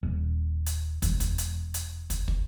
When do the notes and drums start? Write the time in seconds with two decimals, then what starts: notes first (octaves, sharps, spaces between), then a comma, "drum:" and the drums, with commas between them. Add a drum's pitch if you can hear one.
0.03 D#1
0.66 drum: hi-hat
1.02 E1, drum: kick, hi-hat
1.20 drum: kick, hi-hat
1.38 drum: hi-hat
1.74 drum: hi-hat
2.10 drum: kick, hi-hat
2.28 drum: kick